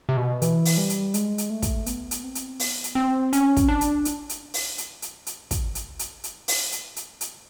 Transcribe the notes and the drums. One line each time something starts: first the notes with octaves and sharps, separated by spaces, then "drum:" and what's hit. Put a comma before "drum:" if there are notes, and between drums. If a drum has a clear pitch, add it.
C3
B2
E3, drum: hi-hat
drum: open hi-hat
G3
drum: hi-hat
G#3, drum: hi-hat
drum: hi-hat
A3
drum: kick, hi-hat
B3, drum: hi-hat
drum: hi-hat
C4
drum: hi-hat
B3, drum: open hi-hat
drum: hi-hat
C4
C#4, drum: hi-hat
drum: kick, hi-hat
D4
drum: hi-hat
drum: hi-hat
drum: hi-hat
drum: open hi-hat
drum: hi-hat
drum: hi-hat
drum: hi-hat
drum: kick, hi-hat
drum: hi-hat
drum: hi-hat
drum: hi-hat
drum: open hi-hat
drum: hi-hat
drum: hi-hat
drum: hi-hat